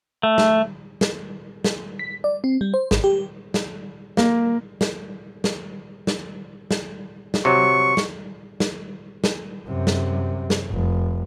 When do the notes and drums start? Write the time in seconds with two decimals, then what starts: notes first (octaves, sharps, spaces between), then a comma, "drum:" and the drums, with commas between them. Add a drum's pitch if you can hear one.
0.23 A3
0.38 drum: snare
1.01 drum: snare
1.64 drum: snare
1.99 B6
2.24 D5
2.44 C4
2.61 G3
2.74 C5
2.91 G#1, drum: snare
3.04 G4
3.54 drum: snare
4.17 A#3, drum: snare
4.81 drum: snare
5.44 drum: snare
6.07 drum: snare
6.71 drum: snare
7.34 drum: snare
7.45 C3 F#3 C#6
7.97 drum: snare
8.60 drum: snare
9.24 drum: snare
9.67 F#2 C3
9.87 drum: snare
10.50 drum: snare
10.69 F1